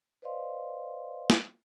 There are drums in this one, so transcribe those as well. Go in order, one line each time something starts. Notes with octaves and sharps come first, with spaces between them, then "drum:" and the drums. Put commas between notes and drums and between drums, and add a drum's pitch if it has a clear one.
B4 C5 D5 D#5 F5 C6
drum: snare